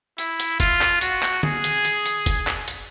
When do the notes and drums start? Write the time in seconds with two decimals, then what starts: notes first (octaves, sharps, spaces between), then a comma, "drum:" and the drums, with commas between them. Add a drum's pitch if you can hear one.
0.18 E4, drum: hi-hat
0.40 drum: hi-hat
0.60 F4, drum: kick F#1, hi-hat
0.81 drum: clap
1.01 F#4, drum: hi-hat
1.23 drum: clap
1.43 G#4, drum: tom D3
1.64 drum: hi-hat
1.85 drum: hi-hat
2.06 drum: hi-hat
2.26 drum: kick F#1, hi-hat
2.47 drum: clap
2.68 drum: hi-hat